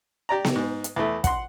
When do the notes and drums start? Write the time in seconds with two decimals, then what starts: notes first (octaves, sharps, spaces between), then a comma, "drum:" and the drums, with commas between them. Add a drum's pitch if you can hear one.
0.29 G4 D5 A#5
0.45 drum: snare B3
0.56 G#2
0.84 drum: hi-hat
0.96 E2 A3
1.24 F#5 C6, drum: kick, hi-hat